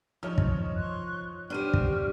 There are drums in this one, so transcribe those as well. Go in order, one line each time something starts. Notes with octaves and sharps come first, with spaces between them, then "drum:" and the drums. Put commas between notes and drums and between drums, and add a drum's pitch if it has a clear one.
F3 D#4 C#5 F6
drum: kick
C6 C#6 F#6
B3 D4 G4 C5 C#6 F6 D#7
drum: kick